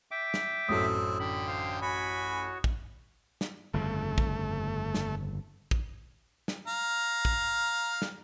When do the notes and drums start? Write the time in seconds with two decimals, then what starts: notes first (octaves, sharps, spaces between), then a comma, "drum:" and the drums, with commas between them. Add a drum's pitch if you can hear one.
0.11 E5 G5 D6
0.34 drum: snare
0.69 A1 F#2 E3 C4 A4 D#6
1.19 D3 G5 B5
1.47 C5 F5
1.81 F#4 C#5 G#5 B5
2.64 drum: kick
3.41 drum: snare
3.74 G1 F2 C#3 A3
4.18 drum: kick
4.95 drum: snare
5.71 drum: kick
6.48 drum: snare
6.67 F5 A#5
7.25 drum: kick
8.02 drum: snare